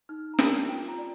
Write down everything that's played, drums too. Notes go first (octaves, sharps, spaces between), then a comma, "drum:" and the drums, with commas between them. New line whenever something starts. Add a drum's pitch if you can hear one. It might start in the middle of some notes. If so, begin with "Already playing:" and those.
D#4 F6
A#5
A#4 D5 A5, drum: snare
F4 G5
A#5
D5